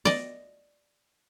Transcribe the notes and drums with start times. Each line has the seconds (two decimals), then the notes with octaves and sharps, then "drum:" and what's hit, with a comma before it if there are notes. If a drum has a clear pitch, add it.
0.05 D5 D#5, drum: snare B3